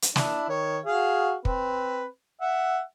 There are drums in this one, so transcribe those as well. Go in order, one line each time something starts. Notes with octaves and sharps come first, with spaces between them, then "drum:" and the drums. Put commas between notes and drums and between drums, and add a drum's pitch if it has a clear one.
drum: hi-hat
D4 E4, drum: snare
D#3 C#5
F#4 G#4 F5
C4 B4, drum: kick
E5 F#5